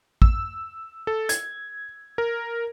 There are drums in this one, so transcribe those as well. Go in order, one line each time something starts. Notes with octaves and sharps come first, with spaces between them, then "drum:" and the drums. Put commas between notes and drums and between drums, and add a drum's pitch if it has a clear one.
E6, drum: kick
A4
G#6, drum: hi-hat
A#4